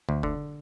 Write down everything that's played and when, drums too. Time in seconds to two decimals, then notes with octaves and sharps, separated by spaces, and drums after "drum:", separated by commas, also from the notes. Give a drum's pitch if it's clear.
0.09 D2
0.23 D3, drum: kick F1